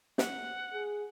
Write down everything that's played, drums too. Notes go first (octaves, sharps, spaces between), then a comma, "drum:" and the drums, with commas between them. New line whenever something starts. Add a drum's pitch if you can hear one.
F#5, drum: snare
G#4